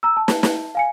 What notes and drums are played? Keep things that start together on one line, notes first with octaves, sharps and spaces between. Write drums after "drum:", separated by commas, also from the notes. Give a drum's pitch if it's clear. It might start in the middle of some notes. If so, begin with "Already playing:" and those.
A#5 E6
A5
drum: snare
drum: snare
F5 G#5 C#7